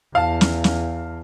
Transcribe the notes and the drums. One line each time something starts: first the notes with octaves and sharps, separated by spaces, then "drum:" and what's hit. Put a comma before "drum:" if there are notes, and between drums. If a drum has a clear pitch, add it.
E2 F5 A5
drum: snare
drum: snare